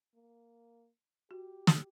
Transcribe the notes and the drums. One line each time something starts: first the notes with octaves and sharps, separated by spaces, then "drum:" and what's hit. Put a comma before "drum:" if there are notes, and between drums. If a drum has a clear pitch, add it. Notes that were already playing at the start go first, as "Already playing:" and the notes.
A#3
F#4 G4
drum: snare